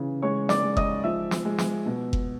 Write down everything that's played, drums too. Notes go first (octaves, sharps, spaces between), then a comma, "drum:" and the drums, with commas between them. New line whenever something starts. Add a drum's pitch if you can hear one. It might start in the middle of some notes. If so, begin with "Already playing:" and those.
Already playing: C#3 E3
G#3 C#5 C#6
D5 D6, drum: snare
G#3
D#5 D#6, drum: kick F#1
F3 E5 E6
drum: snare
G#3
drum: snare
B2
drum: kick F#1